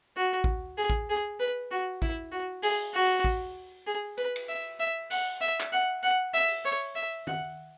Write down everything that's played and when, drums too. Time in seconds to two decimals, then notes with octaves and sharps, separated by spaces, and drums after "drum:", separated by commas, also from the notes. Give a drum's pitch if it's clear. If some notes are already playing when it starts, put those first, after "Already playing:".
0.17 F#4
0.44 drum: kick A1
0.78 G#4
0.90 drum: kick A1
1.09 G#4
1.40 B4
1.71 F#4
2.02 E4, drum: kick A1
2.32 F#4
2.63 G#4, drum: cymbal
2.94 F#4
3.03 drum: open hi-hat
3.24 drum: kick A1
3.87 G#4
4.17 B4, drum: hi-hat
4.36 drum: cymbal
4.49 E5
4.80 E5
5.11 F#5, drum: cymbal
5.41 E5
5.60 drum: clap
5.73 F#5
6.03 F#5
6.34 E5, drum: hi-hat
6.48 drum: open hi-hat
6.65 C#5
6.96 E5
7.27 F#5, drum: tom